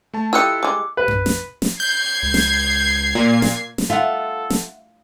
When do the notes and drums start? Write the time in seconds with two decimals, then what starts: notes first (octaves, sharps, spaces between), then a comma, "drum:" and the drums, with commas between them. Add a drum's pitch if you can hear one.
0.14 A3 A5
0.33 E4 F4 G4 A4 D#5 E6 F#6 C#7
0.63 G3 G#3 D6
0.97 B4
1.08 drum: tom F#2
1.26 drum: snare
1.62 drum: snare
1.80 G6 G#6 C7
2.23 C#2
2.34 drum: snare
3.15 A#2
3.42 drum: snare
3.78 drum: snare
3.90 F4 A4 E5 F#5
4.50 drum: snare